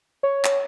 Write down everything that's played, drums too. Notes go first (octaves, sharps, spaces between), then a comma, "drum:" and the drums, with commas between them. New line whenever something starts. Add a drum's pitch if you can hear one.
C#5
drum: clap